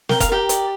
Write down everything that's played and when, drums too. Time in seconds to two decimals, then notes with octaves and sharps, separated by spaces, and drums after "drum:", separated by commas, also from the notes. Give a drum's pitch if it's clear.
0.09 A#4 G5, drum: snare
0.20 F5, drum: kick F1, hi-hat
0.29 G4 A#4 G5
0.49 D5, drum: hi-hat